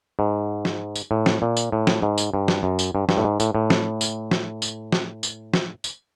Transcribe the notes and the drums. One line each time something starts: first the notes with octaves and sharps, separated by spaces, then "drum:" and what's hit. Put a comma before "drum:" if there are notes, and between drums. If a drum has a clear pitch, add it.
G#2
drum: snare
drum: tambourine
A2
drum: snare
A#2
drum: tambourine
A2
drum: snare
G#2
drum: tambourine
G2
drum: snare
F#2
drum: tambourine
G2
G2, drum: snare
A2
G#2
A2, drum: tambourine
A2
drum: snare
drum: tambourine
drum: snare
drum: tambourine
drum: snare
drum: tambourine
drum: snare
drum: tambourine